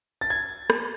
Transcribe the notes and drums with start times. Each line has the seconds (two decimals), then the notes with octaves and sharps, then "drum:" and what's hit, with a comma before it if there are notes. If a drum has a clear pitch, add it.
0.21 A6
0.30 G#6
0.70 drum: rim click